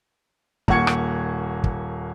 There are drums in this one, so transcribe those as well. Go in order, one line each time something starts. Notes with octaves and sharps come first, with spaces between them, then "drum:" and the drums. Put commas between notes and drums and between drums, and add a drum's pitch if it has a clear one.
D#1 A#3 F#5 C#6 G#6 C#7, drum: kick
drum: rim click
drum: kick